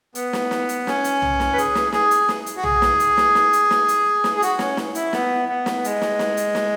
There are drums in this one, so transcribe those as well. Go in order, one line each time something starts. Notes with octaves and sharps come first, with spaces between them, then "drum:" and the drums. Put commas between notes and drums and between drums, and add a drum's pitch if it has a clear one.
B3, drum: hi-hat
drum: snare
drum: snare
drum: hi-hat
C#4, drum: snare
drum: hi-hat
drum: tom
drum: snare
B4
G#4, drum: hi-hat
drum: snare
G#4, drum: snare
drum: hi-hat
drum: snare
drum: hi-hat
F#4
G#4, drum: tom
drum: snare
drum: hi-hat
drum: snare
drum: snare
drum: hi-hat
drum: snare
drum: hi-hat
drum: snare
G#4
F#4, drum: hi-hat
C#4, drum: snare
drum: snare
E4, drum: hi-hat
B3, drum: snare
B3
drum: snare
G#3, drum: hi-hat
drum: snare
drum: snare
drum: hi-hat
drum: snare